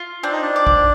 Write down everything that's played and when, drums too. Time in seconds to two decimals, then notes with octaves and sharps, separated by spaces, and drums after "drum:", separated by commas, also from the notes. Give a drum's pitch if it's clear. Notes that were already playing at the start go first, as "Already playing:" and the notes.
Already playing: F4
0.23 C4 D4
0.32 D#4
0.42 D4
0.56 D5
0.67 drum: kick